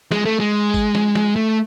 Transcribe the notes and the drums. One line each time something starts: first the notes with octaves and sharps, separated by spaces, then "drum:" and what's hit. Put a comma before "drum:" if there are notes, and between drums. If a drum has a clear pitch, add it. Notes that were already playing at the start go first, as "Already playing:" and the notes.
G#3, drum: snare
A3
G#3
drum: kick G1, tambourine
drum: snare
drum: snare
A3